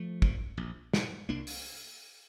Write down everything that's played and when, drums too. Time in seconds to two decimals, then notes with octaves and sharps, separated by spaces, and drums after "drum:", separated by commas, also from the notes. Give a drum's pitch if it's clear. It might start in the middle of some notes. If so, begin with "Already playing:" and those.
Already playing: F3 A3
0.22 A#2, drum: kick
0.57 A#1
0.93 A#2, drum: snare
1.29 C2 A#3 D4
1.47 drum: open hi-hat